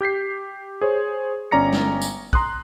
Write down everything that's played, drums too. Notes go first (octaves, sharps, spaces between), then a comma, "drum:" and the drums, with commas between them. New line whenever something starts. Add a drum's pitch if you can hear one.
G4 G6 B6 C7
G#4 C5 C#5
G1 C#4 D5 A#5 A#6 C#7
drum: snare
drum: tambourine
A#5 C6 D#6 F#6, drum: kick